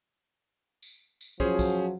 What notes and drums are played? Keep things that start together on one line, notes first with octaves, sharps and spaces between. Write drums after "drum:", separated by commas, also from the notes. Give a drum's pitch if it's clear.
drum: tambourine
drum: tambourine
F3 F#3 C#4 G#4 C5, drum: kick
drum: kick, tambourine